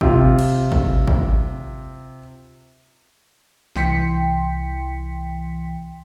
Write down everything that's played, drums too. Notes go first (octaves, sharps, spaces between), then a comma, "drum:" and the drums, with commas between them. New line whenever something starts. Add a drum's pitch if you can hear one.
C3 F4, drum: kick
drum: cymbal
drum: kick
drum: kick
C2 E3 G5 C6 B6 C#7, drum: snare